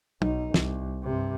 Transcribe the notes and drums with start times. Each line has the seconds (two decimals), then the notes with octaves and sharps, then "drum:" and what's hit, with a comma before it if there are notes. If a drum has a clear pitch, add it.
0.22 B1 D#4, drum: tom
0.54 C2, drum: snare
1.04 G2 C3